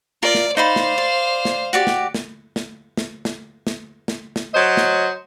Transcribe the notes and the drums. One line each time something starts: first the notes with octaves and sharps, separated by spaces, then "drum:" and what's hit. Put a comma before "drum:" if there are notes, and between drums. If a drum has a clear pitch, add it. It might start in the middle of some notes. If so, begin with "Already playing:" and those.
F4 A#4 D5
drum: snare
D#4 C5 D5 F5 B5
drum: snare
D5
drum: snare
F#4 G4 D5
drum: snare
drum: snare
drum: snare
drum: snare
drum: snare
drum: snare
drum: snare
drum: snare
F#3 C5 D#5
drum: snare